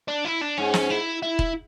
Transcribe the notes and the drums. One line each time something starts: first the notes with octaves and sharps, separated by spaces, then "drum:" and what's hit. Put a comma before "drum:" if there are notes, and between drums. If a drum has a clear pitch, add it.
D4
E4
D4
G#2 C#4
drum: snare
E4
E4
drum: kick E1